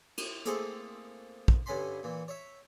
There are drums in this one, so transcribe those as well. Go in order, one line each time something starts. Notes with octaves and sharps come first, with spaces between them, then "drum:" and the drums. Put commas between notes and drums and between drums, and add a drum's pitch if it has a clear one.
drum: cymbal
A3 A#3 C4 G#4 A4, drum: hi-hat
drum: kick
G2 D3 C#4 G#5 B5 C6
A#2 E3
C#5 E5